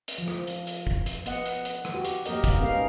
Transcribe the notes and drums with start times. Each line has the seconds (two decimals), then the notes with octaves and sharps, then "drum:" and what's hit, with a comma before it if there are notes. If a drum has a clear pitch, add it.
0.08 drum: hi-hat
0.18 F3
0.28 drum: rim click
0.47 drum: hi-hat
0.67 drum: hi-hat
0.87 drum: kick
1.06 drum: hi-hat
1.26 B3 D#5 F#5, drum: hi-hat
1.46 drum: hi-hat
1.65 drum: hi-hat
1.85 drum: rim click
1.94 F#4 G4
2.04 drum: hi-hat
2.26 F#3 A#3 G4 A#4 D#5, drum: hi-hat
2.44 drum: kick, hi-hat
2.60 G#3 B3 C#4 D#4 A#4 F5